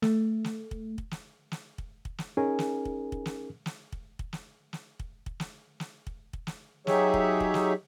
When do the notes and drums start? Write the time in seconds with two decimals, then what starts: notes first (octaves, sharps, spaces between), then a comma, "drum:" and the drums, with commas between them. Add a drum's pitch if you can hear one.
0.02 A3, drum: snare
0.44 drum: snare
0.71 drum: kick
0.98 drum: kick
1.11 drum: snare
1.52 drum: snare
1.78 drum: kick
2.05 drum: kick
2.18 drum: snare
2.37 C#4 D#4 G#4 A#4 G#5
2.59 drum: snare
2.85 drum: kick
3.12 drum: kick
3.26 drum: snare
3.66 drum: snare
3.92 drum: kick
4.19 drum: kick
4.33 drum: snare
4.73 drum: snare
5.00 drum: kick
5.26 drum: kick
5.40 drum: snare
5.80 drum: snare
6.07 drum: kick
6.33 drum: kick
6.47 drum: snare
6.87 F#3 D#4 G4 G#4 C#5 E5, drum: snare
7.14 drum: kick
7.40 drum: kick
7.54 drum: snare